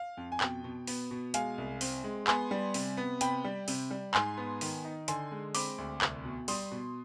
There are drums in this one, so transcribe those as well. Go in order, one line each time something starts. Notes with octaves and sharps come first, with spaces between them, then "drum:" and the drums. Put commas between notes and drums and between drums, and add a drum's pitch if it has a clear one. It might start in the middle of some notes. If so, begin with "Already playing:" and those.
Already playing: F5
F2
G#5
B2 G5, drum: clap
B2
B3, drum: open hi-hat
B2
G#3 F5 G#5, drum: hi-hat
C2
C4, drum: open hi-hat
G#3
B3 G#5 C6, drum: clap
G3
C3, drum: open hi-hat
B3
C3 G5 B5, drum: hi-hat
G3
C3, drum: open hi-hat
G3
G#2 G#5 C6, drum: clap
B3
D#3, drum: open hi-hat
D#4
D3 G#5 C6, drum: hi-hat
G#3
C4 B5 D6, drum: open hi-hat
D2
C2, drum: clap
B2
G3 C6 D#6, drum: open hi-hat
B2